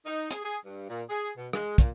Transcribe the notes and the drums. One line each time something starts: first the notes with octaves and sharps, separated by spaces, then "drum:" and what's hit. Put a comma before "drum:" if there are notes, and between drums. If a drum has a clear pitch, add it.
D#4
G#4, drum: hi-hat
G#4
G2
A#2
G#4
B2
G#3, drum: rim click
A#2, drum: kick, hi-hat